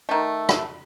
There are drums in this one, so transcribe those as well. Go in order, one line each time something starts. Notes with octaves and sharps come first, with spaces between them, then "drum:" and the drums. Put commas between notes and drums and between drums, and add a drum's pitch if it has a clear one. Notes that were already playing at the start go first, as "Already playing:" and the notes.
D#3 A3
drum: rim click